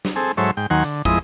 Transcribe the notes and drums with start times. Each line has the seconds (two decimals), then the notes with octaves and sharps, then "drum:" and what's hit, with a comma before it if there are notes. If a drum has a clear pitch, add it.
0.05 drum: snare
0.16 C4 G#4 A4
0.37 G#2 F#3 A4 C5 C#5 E5
0.57 G#2 G5
0.70 D#2 D#3 F#3 F#5 G#5 C6
0.84 D3, drum: hi-hat
1.05 F2 G#3 E4 D#5 D#6, drum: kick